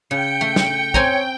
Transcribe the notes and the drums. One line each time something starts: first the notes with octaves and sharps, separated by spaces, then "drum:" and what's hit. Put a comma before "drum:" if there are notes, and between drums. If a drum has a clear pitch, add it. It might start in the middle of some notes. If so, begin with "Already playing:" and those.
C#3 G5 C#7
A3
drum: snare
C4 C#5 G#5 A#5, drum: kick